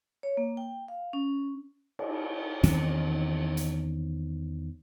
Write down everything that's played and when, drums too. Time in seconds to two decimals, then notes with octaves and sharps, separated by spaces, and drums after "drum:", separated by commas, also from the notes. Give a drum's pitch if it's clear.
0.23 C#5
0.37 A#3
0.57 G5
0.88 F5
1.13 C#4
1.99 drum: cymbal
2.63 E2 D#3 C4 C#4, drum: hi-hat
3.57 drum: hi-hat